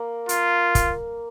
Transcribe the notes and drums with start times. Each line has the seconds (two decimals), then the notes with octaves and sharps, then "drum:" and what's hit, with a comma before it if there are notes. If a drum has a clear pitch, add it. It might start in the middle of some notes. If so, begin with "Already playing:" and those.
Already playing: A#3
0.29 F4, drum: hi-hat
0.75 drum: kick, hi-hat